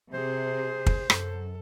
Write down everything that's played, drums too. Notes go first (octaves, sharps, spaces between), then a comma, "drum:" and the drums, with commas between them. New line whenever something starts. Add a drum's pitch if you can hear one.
C3 G#4 C5
drum: kick
F#2 A4, drum: rim click